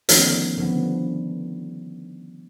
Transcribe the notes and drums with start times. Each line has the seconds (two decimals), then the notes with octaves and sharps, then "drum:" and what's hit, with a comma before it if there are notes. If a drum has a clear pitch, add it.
0.09 D3 D#3 F3 A3 B3 C#4, drum: hi-hat
0.58 D3 D#3 F3 G3 B3